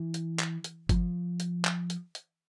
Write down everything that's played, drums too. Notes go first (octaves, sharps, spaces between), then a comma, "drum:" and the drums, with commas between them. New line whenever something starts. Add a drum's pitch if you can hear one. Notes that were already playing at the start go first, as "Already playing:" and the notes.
Already playing: E3
drum: hi-hat
drum: clap
drum: hi-hat
F3, drum: kick G1, hi-hat
drum: hi-hat
drum: clap
drum: hi-hat
drum: hi-hat